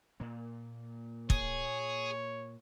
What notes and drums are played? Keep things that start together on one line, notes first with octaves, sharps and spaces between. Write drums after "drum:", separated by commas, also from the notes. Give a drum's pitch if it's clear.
A#2 A#3
G#4 C#5, drum: kick